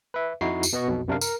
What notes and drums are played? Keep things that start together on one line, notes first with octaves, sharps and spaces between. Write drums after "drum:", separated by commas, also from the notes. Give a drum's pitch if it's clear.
B4 E5
F2 D#4 E4 F#4 C7
drum: tambourine
B2 B3 D#5 C#6
B1 F2 B2
F#2 C3 D4 A#4 F5
A#4, drum: tambourine